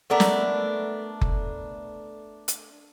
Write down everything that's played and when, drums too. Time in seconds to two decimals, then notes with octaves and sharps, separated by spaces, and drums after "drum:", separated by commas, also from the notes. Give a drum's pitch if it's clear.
0.10 A3 B3 D4 A#4
0.20 drum: snare
1.21 drum: kick F#1
2.48 drum: hi-hat